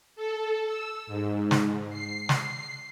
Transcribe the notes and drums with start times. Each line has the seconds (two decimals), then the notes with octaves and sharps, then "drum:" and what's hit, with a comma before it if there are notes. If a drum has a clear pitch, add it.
0.16 A4
0.66 E6
1.07 G#2
1.51 drum: snare
1.90 C7
2.29 drum: snare